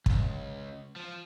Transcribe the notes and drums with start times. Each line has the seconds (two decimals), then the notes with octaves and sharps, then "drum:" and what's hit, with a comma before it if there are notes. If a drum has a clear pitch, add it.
0.06 C#2, drum: kick
0.96 F3